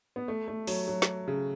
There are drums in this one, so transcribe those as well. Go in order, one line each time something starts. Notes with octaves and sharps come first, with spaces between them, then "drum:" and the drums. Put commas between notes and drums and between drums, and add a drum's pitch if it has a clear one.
B3
A3
A3
F#3, drum: open hi-hat
F#3
drum: snare
C#3